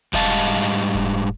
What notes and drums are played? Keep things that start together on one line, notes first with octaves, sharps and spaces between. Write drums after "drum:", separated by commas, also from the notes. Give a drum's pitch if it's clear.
G#2 G3 D#5 F5 A5, drum: kick E1, hi-hat
drum: hi-hat
drum: hi-hat
drum: snare
drum: hi-hat
drum: kick E1, hi-hat
drum: hi-hat